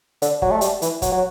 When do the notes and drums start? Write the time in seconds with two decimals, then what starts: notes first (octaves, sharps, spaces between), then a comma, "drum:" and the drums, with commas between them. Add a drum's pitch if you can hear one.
0.22 D3, drum: hi-hat
0.42 F#3, drum: kick
0.51 A3
0.61 G3, drum: hi-hat
0.82 E3, drum: hi-hat
1.02 F#3, drum: kick, hi-hat
1.12 F#3